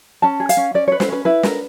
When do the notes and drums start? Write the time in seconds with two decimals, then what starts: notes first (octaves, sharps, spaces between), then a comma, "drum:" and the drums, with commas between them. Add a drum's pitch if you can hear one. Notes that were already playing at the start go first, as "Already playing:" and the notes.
0.22 C#4 A5
0.40 G#4
0.49 F5, drum: hi-hat
0.57 C#4
0.74 C#4 D5
0.88 B4 C#5
1.00 C5, drum: snare
1.09 C#4 B4
1.25 E4 B4
1.43 A#4, drum: snare